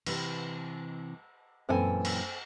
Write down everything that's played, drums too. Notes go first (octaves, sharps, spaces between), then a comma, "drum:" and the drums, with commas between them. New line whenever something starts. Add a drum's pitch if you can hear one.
C3 E3, drum: cymbal
F#2 A#2 E3 C4 A4 G#5
drum: cymbal